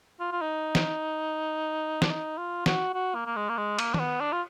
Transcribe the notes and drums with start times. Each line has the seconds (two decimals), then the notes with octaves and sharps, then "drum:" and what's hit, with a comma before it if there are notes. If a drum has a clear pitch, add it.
0.20 F4
0.32 F4
0.41 D#4
0.75 drum: snare
2.02 D4, drum: snare
2.10 D#4
2.38 F4
2.66 F#4, drum: snare
2.94 F#4
3.15 A#3
3.26 A#3
3.36 G#3
3.49 A#3
3.57 G#3
3.79 A#3, drum: cymbal
3.94 D4, drum: tom D#3
4.00 B3
4.21 D4
4.32 F4